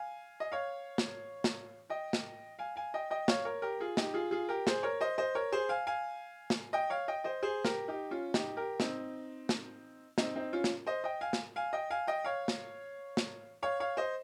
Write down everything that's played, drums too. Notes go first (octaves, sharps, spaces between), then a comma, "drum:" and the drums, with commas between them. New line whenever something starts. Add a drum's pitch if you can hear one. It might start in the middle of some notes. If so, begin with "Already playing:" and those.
Already playing: F5 G#5
D#5
C#5 F5
drum: snare
drum: snare
D#5 G5
drum: snare
F5 G#5
F5 G#5
D#5 G5
D#5 G5
C#5 F5, drum: snare
A#4 C#5
G4 A#4
F4 G#4
D#4 G4, drum: snare
F4 G#4
F4 G#4
G4 A#4
G#4 C5, drum: snare
A#4 C#5
C5 D#5
C5 D#5
A#4 C#5
G#4 C5
F5 G#5
F5 G#5
drum: snare
D#5 G5
C#5 F5
D#5 G5
C5 D#5
G#4 C5
G4 A#4, drum: snare
D#4 G4
C#4 F4
D#4 G4, drum: snare
G4 A#4
C4 D#4, drum: snare
drum: snare
C4 D#4, drum: snare
C4 D#4
C#4 F4
drum: snare
C5 D#5
D#5 G5
F5 G#5
drum: snare
F5 G#5
D#5 G5
F5 G#5
D#5 G5
C#5 F5
drum: snare
drum: snare
C#5 F5
C#5 F5
C5 D#5